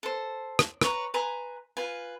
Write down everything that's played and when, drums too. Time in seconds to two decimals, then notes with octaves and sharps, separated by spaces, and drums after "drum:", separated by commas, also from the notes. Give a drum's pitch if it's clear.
0.03 A4 C5
0.59 drum: rim click
0.81 B4 C#5 A#5, drum: rim click
1.14 B4 G#5 A#5 C6
1.77 F4 B4 G#5